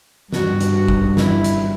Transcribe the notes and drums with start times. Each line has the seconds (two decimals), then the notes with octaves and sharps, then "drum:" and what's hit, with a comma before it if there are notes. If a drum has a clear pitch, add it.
0.33 G2 F#4, drum: snare
0.60 drum: hi-hat
0.75 F#4
0.88 drum: kick
1.17 E4, drum: snare
1.44 drum: hi-hat